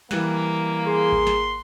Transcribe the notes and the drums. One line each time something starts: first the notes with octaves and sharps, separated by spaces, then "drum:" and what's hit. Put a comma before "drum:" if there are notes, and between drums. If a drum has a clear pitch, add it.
E3 G3 A#3 F#6, drum: snare
G#4 C6
drum: kick G#1
drum: snare